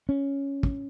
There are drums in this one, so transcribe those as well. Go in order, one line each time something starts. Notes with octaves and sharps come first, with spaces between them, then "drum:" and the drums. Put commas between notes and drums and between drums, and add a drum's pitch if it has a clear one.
C#4
drum: kick